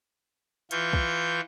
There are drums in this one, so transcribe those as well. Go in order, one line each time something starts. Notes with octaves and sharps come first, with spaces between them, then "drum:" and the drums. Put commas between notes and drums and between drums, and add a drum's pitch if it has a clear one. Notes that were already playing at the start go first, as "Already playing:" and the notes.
E3 F4 C#6 G6, drum: hi-hat
drum: kick